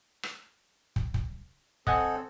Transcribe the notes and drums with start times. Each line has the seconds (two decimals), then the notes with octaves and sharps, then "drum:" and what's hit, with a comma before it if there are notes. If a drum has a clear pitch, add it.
0.23 drum: rim click
0.96 drum: kick
1.14 drum: kick
1.87 C4 A4 D#5 F#5 G#5, drum: kick